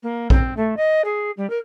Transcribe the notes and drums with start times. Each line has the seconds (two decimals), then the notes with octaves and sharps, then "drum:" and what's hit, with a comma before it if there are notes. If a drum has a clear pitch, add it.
0.03 A#3
0.30 C4, drum: kick A#1
0.56 A3
0.76 D#5
1.04 G#4
1.37 G3
1.49 A#4